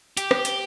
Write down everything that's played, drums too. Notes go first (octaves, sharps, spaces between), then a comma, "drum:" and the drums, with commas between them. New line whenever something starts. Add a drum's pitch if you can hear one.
G4, drum: hi-hat
drum: rim click
drum: hi-hat